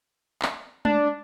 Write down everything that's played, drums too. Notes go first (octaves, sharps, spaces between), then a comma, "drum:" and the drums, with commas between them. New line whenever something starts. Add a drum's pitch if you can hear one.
drum: clap
D4, drum: tom G#3